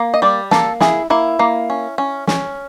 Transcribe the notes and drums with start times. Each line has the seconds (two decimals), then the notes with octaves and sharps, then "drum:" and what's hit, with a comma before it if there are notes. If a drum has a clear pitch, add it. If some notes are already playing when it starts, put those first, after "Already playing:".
Already playing: A#3
0.14 D#5
0.22 G3 D5
0.51 A#3 A4, drum: snare
0.80 E4 G#4, drum: snare
1.10 A#3 E4
1.39 A#3
1.70 C#4
1.98 C#4
2.27 C#4, drum: snare